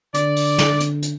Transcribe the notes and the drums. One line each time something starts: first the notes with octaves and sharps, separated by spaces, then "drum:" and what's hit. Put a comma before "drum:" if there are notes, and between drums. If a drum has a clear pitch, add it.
D3 D5, drum: hi-hat
drum: open hi-hat
drum: snare
drum: hi-hat
drum: hi-hat